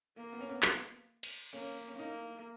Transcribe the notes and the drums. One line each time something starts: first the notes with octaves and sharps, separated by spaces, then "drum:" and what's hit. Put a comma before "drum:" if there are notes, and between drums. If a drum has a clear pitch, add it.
A#3
B3
C#4
B3
drum: clap
drum: cymbal
A#3 C#4
C#4
A#3 D#4